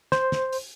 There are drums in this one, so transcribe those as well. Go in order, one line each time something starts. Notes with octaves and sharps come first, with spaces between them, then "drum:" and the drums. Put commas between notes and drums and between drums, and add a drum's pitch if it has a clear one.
C5, drum: snare
drum: snare
drum: open hi-hat